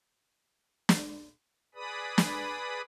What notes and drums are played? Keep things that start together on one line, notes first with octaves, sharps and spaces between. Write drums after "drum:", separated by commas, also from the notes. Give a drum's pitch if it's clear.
drum: snare
G#4 B4 D5 B5 D#6
drum: snare